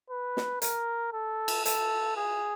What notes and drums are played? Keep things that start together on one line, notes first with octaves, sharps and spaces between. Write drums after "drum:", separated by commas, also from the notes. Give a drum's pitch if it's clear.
B4
drum: snare
A#4, drum: hi-hat
A4
drum: cymbal
A4, drum: hi-hat
G#4